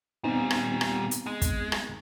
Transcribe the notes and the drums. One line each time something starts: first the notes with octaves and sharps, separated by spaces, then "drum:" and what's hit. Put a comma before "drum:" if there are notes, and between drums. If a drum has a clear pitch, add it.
A#2 G3 B3 C4 D#4
drum: rim click
drum: rim click
drum: hi-hat
G#3
drum: kick, hi-hat
drum: rim click